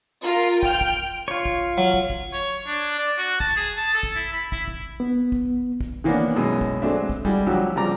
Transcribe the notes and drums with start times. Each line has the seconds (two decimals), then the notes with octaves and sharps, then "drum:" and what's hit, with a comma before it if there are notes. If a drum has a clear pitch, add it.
0.23 F4 A#4
0.63 G5 F6, drum: kick
0.81 drum: kick
1.28 F4 C#5
1.45 drum: kick
1.78 F#3
1.94 drum: kick
2.10 drum: kick
2.33 C#5
2.67 D4
2.99 D5
3.18 F#4
3.40 A5, drum: kick
3.57 G#4
3.77 A5
3.94 A4
4.03 drum: kick
4.16 E4
4.33 B5
4.52 E4, drum: kick
4.68 drum: kick
5.00 B3
5.32 drum: kick
5.80 drum: kick
6.04 D#3 E3 A#3 B3 C#4 D4
6.36 F#2 B2 G#3 C#4
6.61 drum: kick
6.82 F#3 G#3 A3 C4 D4 E5
7.09 drum: kick
7.25 G3 G#3 E4 F#4, drum: kick
7.47 D2 F3 F#3 F#4 G4 E6
7.76 C#3 F3 G3 D5 A#5 D6